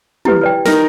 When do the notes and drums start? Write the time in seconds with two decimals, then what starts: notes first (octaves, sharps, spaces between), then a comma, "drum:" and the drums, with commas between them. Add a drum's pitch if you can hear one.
0.25 E4 G4 B4, drum: tom
0.41 B4 D5 G5
0.66 D#4 A#4, drum: snare